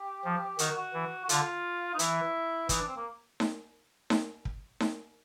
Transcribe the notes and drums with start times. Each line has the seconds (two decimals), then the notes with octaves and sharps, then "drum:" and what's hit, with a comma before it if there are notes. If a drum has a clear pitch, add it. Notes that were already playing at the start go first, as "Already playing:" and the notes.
Already playing: G4
0.24 F3
0.59 D#3 F#4, drum: hi-hat
0.77 F#4
0.94 E3
1.24 F#4
1.29 D3 F4, drum: hi-hat
1.94 D#4
1.99 E3 E4, drum: hi-hat
2.69 E3 D#4, drum: kick, hi-hat
2.79 D4
2.87 C4
2.96 A#3
3.40 drum: snare D#4
4.10 drum: snare D#4
4.45 drum: kick
4.80 drum: snare D#4